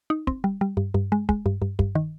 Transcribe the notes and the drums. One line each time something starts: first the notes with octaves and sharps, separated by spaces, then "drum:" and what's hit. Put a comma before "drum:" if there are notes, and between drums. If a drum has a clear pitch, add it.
D#4
C4, drum: kick
G3
G3
G2
G2
G#3
G#3, drum: kick
G2
G2
G2, drum: kick
D#3